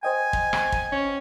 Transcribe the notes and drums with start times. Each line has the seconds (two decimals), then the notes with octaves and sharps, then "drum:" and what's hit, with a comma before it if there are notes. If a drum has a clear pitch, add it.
0.03 C5 D#5 G5 G#5
0.33 drum: kick
0.53 drum: rim click
0.72 drum: kick
0.92 C#4